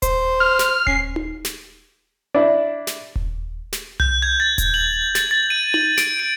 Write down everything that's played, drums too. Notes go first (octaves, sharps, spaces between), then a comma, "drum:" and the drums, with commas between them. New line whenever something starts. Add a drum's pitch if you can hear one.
C5, drum: kick D#1, hi-hat
F6
drum: snare
C#4 C7, drum: kick D#1
drum: tom D#4
drum: snare
D4 E4
drum: snare
drum: kick D#1
drum: snare
G6, drum: tom C2
G#6
A6
drum: kick D#1, hi-hat
F#7
A6, drum: snare
A6
D#7
F#7, drum: tom D#4
D7, drum: snare
D7